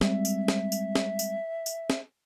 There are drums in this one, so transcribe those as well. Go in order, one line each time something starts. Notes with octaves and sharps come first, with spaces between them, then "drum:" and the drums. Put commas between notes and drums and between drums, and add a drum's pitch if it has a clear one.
G3 G#3 C4 E5, drum: snare
drum: tambourine
drum: snare
drum: tambourine
drum: snare
drum: tambourine
drum: tambourine
drum: snare